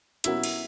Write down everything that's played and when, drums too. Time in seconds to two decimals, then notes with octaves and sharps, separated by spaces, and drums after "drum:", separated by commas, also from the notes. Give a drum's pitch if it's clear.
0.24 B2 F#3 C#4 E4 F#4 A#4, drum: hi-hat
0.44 drum: cymbal